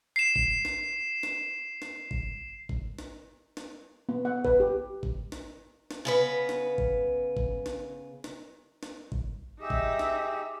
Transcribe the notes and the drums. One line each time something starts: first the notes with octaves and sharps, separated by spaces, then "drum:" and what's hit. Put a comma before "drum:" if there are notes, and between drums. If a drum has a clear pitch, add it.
C7 E7
drum: kick
drum: snare
drum: snare
drum: snare
drum: kick
drum: kick
drum: snare
drum: snare
B3
F#5
B4, drum: kick
G4
drum: kick
drum: snare
drum: snare
C#3 B3 B4
drum: snare
drum: kick
drum: kick
drum: snare
drum: snare
drum: snare
drum: kick
D#4 G4 G#4 E5
drum: kick
drum: snare